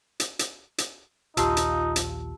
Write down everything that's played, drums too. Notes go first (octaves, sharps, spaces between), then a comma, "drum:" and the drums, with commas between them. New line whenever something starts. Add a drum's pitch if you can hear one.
drum: hi-hat
drum: hi-hat
drum: hi-hat
A#1 D#2 D#4 F4 G4 A5 E6, drum: hi-hat
drum: hi-hat
drum: hi-hat